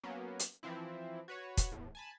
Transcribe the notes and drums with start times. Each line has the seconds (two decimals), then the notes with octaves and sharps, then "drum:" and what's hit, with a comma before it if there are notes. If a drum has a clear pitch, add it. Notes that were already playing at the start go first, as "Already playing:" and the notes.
0.03 F#3 A#3 B3 C#4
0.40 drum: hi-hat
0.63 E3 F3 C4 E4
1.28 F#4 B4 C#5
1.57 drum: kick, hi-hat
1.72 E2 A2
1.95 G#5 A5 B5